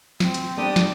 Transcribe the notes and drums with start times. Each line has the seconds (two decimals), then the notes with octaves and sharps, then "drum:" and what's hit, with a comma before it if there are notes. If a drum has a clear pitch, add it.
0.20 C4, drum: snare
0.34 drum: hi-hat
0.57 G3 B3 D4 G4 D#6
0.76 drum: snare